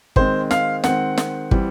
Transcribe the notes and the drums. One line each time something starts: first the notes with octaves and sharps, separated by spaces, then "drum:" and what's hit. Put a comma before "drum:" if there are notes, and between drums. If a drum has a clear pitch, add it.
D#3 G#3 C4 C5, drum: kick
F5, drum: snare
D#3 G#3 C4 F#5, drum: snare
drum: snare
E3 G3 C4, drum: kick